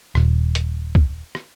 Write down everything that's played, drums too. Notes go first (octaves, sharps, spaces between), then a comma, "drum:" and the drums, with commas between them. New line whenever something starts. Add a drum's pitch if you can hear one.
D#1, drum: rim click
drum: hi-hat
drum: kick C2
drum: rim click